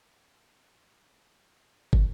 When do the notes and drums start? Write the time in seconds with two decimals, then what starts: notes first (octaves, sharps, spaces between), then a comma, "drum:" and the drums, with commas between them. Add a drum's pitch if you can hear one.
0.10 A3 A4
1.93 drum: kick